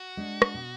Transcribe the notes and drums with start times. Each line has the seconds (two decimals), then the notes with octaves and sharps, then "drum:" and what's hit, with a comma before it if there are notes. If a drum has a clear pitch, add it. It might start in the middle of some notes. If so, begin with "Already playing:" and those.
Already playing: F#4
0.17 G#3 D4
0.42 drum: rim click
0.54 B2